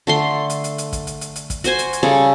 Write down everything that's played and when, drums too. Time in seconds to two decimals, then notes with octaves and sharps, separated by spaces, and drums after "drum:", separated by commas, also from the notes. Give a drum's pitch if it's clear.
0.07 D3 A3 C6
0.50 drum: hi-hat
0.64 drum: hi-hat
0.78 drum: hi-hat
0.93 drum: kick, hi-hat
1.07 drum: hi-hat
1.21 drum: hi-hat
1.36 drum: hi-hat
1.50 drum: kick, hi-hat
1.64 F#4 C5 G#5, drum: hi-hat
1.79 drum: hi-hat
1.93 drum: hi-hat
2.03 C#3 G3 A4